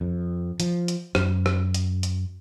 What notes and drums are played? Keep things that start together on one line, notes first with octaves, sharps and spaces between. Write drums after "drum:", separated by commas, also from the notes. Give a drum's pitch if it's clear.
F2
F3, drum: hi-hat
drum: hi-hat
F#2, drum: rim click
drum: rim click
drum: hi-hat
drum: hi-hat